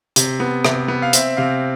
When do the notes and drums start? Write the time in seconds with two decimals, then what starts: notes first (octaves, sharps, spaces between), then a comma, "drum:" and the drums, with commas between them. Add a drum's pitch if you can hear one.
0.16 C3, drum: hi-hat
0.40 B3
0.65 C3, drum: rim click
0.88 B3
1.02 F5
1.13 C4 E5, drum: hi-hat
1.37 C3 F5